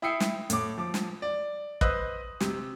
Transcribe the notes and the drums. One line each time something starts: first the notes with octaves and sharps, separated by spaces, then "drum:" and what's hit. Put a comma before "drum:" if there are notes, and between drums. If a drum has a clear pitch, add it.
E4 G5 D#6 E6 C7 C#7
drum: snare
A2 D6, drum: hi-hat
F3 D6
drum: snare
D5
B4 C5 D#5 D#6 E6 F#6, drum: kick
C3, drum: snare